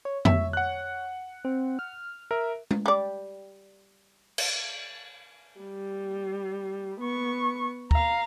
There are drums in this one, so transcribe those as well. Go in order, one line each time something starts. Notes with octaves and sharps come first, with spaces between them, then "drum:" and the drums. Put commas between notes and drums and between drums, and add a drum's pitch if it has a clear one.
C#5
C#5 E5, drum: tom F2
F#5 F#6
C4
F6
A#4 E5
drum: tom G#3
G3 D5
drum: cymbal
G3
B3 C#6
F5 A#5, drum: kick